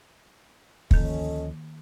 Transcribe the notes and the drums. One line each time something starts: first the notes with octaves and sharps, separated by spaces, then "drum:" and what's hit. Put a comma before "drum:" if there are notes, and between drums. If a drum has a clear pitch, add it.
D2 D#3 F3 A#3 C#4 A4 D#5, drum: kick